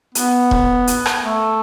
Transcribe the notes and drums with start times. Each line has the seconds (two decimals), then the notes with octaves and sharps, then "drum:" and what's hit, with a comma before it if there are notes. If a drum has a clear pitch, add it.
0.15 B3, drum: hi-hat
0.51 drum: kick E1
0.87 drum: hi-hat
1.06 drum: rim click
1.24 A3